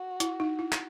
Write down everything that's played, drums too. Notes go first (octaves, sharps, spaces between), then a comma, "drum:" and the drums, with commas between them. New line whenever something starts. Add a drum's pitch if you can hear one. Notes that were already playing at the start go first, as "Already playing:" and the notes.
Already playing: F#4
E4, drum: hi-hat
D#4
E4
drum: clap